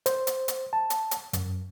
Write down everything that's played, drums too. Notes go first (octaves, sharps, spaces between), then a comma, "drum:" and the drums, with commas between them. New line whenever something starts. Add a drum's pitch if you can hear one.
C5, drum: hi-hat
drum: hi-hat
drum: hi-hat
A5
drum: hi-hat
drum: hi-hat
F#2, drum: hi-hat